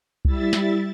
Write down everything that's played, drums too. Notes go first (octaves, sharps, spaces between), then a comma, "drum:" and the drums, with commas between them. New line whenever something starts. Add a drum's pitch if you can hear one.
G3 E4 E5 A6, drum: kick C2
drum: snare